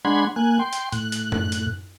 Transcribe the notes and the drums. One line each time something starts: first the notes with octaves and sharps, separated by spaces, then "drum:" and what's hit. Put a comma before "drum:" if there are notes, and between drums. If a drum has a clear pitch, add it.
G#3 D4 F#5 B5 C6 G#6
A#3 G#5 F#6
G5 C6
drum: hi-hat
A2 F#6, drum: hi-hat
drum: hi-hat
drum: tom F#2
drum: hi-hat